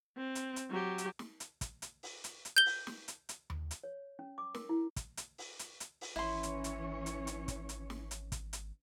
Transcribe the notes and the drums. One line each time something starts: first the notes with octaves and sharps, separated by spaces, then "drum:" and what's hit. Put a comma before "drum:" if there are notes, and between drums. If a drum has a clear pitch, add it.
C4
drum: hi-hat
drum: hi-hat
F#3 G4
drum: hi-hat
drum: snare
drum: hi-hat
drum: kick, hi-hat
drum: hi-hat
drum: open hi-hat
drum: hi-hat
drum: hi-hat
G6 G7
drum: open hi-hat
drum: snare
drum: hi-hat
drum: hi-hat
drum: tom D#2
drum: hi-hat
C#5
C#4
D6
A#4, drum: snare
E4
drum: kick, hi-hat
drum: hi-hat
drum: open hi-hat
drum: hi-hat
drum: hi-hat
drum: open hi-hat
G#1 E3 C#4 E4 C#5 C6
drum: hi-hat
drum: hi-hat
drum: hi-hat
drum: hi-hat
drum: kick, hi-hat
drum: hi-hat
drum: snare
drum: hi-hat
drum: kick, hi-hat
drum: hi-hat